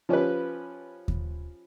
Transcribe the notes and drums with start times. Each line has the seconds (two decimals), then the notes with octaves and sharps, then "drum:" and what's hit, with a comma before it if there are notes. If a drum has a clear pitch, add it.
0.09 F3 C#4 G4 B4
1.08 drum: kick D#2